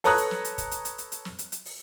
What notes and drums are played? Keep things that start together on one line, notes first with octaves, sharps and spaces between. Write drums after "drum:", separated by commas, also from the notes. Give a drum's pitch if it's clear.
A4 B4 C#5 A#5 D#6 F#6, drum: open hi-hat
drum: hi-hat
drum: snare
drum: hi-hat
drum: kick, hi-hat
drum: hi-hat
drum: hi-hat
drum: hi-hat
drum: hi-hat
drum: snare
drum: hi-hat
drum: hi-hat
drum: open hi-hat